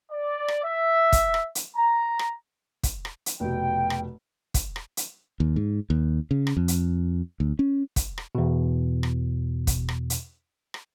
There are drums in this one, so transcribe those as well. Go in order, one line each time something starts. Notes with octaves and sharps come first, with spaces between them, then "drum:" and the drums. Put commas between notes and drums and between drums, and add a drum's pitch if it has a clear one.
D5
drum: rim click
E5
drum: kick, hi-hat
drum: rim click
drum: hi-hat
A#5
drum: rim click
drum: kick, hi-hat
drum: rim click
drum: hi-hat
F1 B2 G5
drum: rim click
drum: kick, hi-hat
drum: rim click
drum: hi-hat
D#2
G#2
D#2
C#3
drum: rim click
F2
drum: hi-hat
D2
C#4
drum: kick, hi-hat
drum: rim click
E2 B2
drum: rim click
drum: kick, hi-hat
drum: rim click
drum: hi-hat
drum: rim click